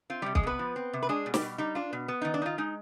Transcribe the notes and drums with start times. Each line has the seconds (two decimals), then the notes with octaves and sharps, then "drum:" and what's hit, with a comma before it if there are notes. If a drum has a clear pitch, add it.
0.10 C4 F4
0.22 C3 G3 G4
0.35 G#3 G#4, drum: kick
0.43 C3 B3 B4
0.59 F3
0.76 C4
0.93 C3
1.03 B4
1.09 G#3 D4 G#4
1.26 B2
1.34 G3 G4, drum: snare
1.42 B2
1.58 G3 D#4
1.75 D4 F4
1.93 B2
2.08 B3
2.22 D#3 D#4
2.34 D4 D5
2.42 D#4 F4
2.58 G#3 D#4